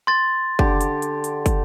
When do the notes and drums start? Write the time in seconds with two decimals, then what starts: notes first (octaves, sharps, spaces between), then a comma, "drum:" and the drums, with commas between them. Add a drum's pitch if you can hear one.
0.07 C6 A6
0.59 D3 G4, drum: kick
0.81 drum: hi-hat
1.02 drum: hi-hat
1.24 drum: hi-hat
1.46 drum: kick, hi-hat